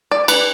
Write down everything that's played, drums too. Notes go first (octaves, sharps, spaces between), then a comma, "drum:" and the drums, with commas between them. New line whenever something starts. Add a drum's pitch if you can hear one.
D5
B4, drum: cymbal